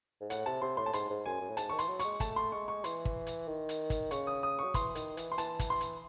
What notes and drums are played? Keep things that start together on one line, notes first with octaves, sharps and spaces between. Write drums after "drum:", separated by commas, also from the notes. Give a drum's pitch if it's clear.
G#2
A2 F#5, drum: hi-hat
C3 A5
C3 C6
A2 C6
A5
G#2 C6, drum: hi-hat
G#2
F#2 G#5
F#2
A2
G#2 A5, drum: hi-hat
D#3 C#6
E3 C6, drum: hi-hat
F#3
C#6, drum: hi-hat
G#3
A3 A5, drum: kick, hi-hat
C6
G#3 C#6
C#6
E3 C6, drum: hi-hat
drum: kick
drum: hi-hat
D#3
drum: hi-hat
drum: kick, hi-hat
C#3 C#6, drum: hi-hat
D#6
D#6
F#3 C#6
E3 C6, drum: kick, hi-hat
D#3, drum: hi-hat
E3, drum: hi-hat
C6
E3 A5, drum: hi-hat
drum: kick, hi-hat
C6
drum: hi-hat